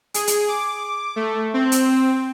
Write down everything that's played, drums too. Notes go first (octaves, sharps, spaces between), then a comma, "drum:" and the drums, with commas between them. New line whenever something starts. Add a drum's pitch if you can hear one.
G#4, drum: hi-hat
drum: hi-hat
D6
A3
C4
drum: hi-hat